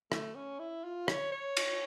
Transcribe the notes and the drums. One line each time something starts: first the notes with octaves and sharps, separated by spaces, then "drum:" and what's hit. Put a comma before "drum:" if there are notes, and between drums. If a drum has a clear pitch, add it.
A3, drum: rim click
C#4
E4
F4
C#5, drum: rim click
C#5
drum: cymbal